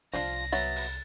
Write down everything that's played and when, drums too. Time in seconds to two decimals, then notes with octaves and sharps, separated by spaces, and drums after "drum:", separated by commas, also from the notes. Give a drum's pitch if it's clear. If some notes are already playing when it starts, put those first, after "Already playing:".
0.13 C2 F3 D4 F4 A#6
0.52 F#3 B3 E5 A6
0.76 drum: open hi-hat